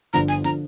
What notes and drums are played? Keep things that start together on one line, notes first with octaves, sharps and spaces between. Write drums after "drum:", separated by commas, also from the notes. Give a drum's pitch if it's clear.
G1 G2 D3 F3 A#5
G#5, drum: open hi-hat
D3 F3 A#5, drum: hi-hat